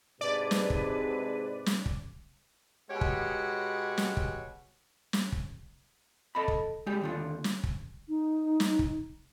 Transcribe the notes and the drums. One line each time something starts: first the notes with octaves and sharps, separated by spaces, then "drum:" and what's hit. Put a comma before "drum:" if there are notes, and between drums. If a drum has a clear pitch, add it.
G#2 C3 D4 G#4 B4 D5
drum: snare
drum: kick
drum: snare
drum: kick
B2 G#3 G4 C#5 F#5
drum: kick
drum: snare
drum: kick
drum: snare
drum: kick
A4 D#5 B5
drum: kick
G#3 G4
D#2 D3 F4
drum: snare
drum: kick
D#4
drum: snare
drum: kick